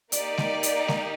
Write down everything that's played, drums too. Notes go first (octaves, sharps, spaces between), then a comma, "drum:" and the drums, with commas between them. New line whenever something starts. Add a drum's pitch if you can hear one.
A#3 D#4 G4 D5, drum: hi-hat
drum: snare G#3
drum: hi-hat
drum: snare G#3